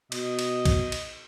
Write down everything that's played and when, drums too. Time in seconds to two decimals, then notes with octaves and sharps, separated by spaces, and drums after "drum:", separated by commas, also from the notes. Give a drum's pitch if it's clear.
0.12 B2 D#5, drum: cymbal
0.39 drum: cymbal
0.65 drum: kick, cymbal
0.92 drum: cymbal